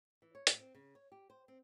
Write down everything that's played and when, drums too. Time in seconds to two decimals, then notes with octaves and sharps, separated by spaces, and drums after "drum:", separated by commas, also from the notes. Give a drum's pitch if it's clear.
0.22 E3
0.35 C#5
0.47 A2, drum: hi-hat
0.59 C4
0.75 C#3
0.95 C#5
1.12 G4
1.30 C5
1.48 C4